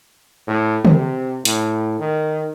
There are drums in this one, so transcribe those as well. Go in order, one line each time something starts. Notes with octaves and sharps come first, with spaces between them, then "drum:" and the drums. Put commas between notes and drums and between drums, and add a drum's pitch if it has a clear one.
A2
C3, drum: tom
A2, drum: hi-hat
D#3